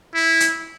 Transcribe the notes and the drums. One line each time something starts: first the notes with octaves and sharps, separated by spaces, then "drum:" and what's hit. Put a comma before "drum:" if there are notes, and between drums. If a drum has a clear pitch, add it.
E4
drum: hi-hat